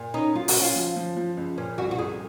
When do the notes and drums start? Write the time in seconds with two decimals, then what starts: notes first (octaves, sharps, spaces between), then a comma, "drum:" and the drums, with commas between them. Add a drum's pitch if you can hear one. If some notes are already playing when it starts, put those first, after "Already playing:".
Already playing: A#2
0.14 C#4 D#4
0.35 F#3 F4
0.48 F#4, drum: open hi-hat
0.55 C#4
0.62 F4
0.76 F3
0.97 F3
1.17 F3
1.37 C#2
1.58 A#2 C#4
1.78 C2 F#4
1.91 F#4
1.98 C2 G#4